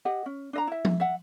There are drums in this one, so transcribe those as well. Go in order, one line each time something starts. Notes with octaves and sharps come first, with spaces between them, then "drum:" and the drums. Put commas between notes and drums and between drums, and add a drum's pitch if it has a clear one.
G4 D#5 F#5
C#4
D4 D#5 A#5
E4 E5
drum: tom F3
E5 F#5